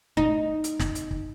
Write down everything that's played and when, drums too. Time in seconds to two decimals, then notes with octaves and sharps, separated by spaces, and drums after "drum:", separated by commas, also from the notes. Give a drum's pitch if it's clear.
0.17 D#4, drum: kick
0.64 drum: hi-hat
0.79 drum: snare
0.95 drum: hi-hat
1.11 drum: kick